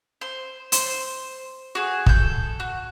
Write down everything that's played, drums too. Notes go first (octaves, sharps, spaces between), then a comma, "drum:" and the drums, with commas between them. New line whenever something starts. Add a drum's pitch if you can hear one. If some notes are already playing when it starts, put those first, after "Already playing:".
C5
C5, drum: hi-hat
F#4 G#4
A4 G6, drum: kick
F#4